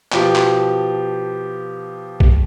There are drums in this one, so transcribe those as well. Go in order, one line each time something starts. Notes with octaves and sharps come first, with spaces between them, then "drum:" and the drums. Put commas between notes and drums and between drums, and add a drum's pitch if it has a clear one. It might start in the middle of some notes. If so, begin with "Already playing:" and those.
B2 F3 G4, drum: clap
drum: clap
drum: kick